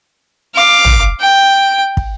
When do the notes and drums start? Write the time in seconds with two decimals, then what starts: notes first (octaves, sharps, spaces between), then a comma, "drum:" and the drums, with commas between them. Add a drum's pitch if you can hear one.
0.55 F5 D6
0.85 drum: tom
1.20 G5
1.97 drum: kick